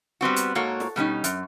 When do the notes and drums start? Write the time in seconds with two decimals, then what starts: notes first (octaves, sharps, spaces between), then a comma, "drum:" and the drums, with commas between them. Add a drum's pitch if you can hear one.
0.21 G3 B3 C4 F#4
0.36 drum: hi-hat
0.55 G#2 A#3 F#4 A4 C#5
0.80 drum: snare
0.96 B2 G3 C#4 D#4
1.24 F#2, drum: hi-hat